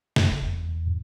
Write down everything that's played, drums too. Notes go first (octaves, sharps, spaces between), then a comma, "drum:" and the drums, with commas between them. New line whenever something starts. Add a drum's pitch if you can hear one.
F#2, drum: snare
F#1
E2
E2
G#2